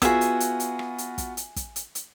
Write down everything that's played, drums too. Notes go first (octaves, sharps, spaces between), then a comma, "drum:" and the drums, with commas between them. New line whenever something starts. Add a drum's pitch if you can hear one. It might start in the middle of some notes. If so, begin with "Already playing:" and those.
B3 F4 F#4 G#4 E5, drum: kick, hi-hat
drum: hi-hat
drum: hi-hat
drum: hi-hat
drum: rim click
drum: hi-hat
drum: kick, hi-hat
drum: hi-hat
drum: kick, hi-hat
drum: hi-hat
drum: hi-hat